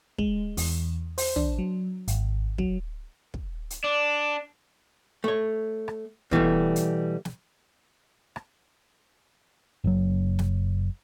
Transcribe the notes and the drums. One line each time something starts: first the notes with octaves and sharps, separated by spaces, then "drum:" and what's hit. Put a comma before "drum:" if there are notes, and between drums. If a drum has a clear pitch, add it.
G#3, drum: kick
E2, drum: open hi-hat
C5, drum: open hi-hat
D4, drum: tom
F#3
G#1, drum: hi-hat
F#3, drum: kick
drum: kick
drum: hi-hat
D4 D5
A3 C#5
drum: rim click
B2 E3 G3 A3, drum: kick
drum: hi-hat
drum: snare
drum: rim click
F#1 F#3
drum: snare